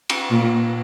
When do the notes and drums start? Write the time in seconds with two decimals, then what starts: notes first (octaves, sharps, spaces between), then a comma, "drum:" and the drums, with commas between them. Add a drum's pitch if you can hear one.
0.09 drum: cymbal
0.31 A#2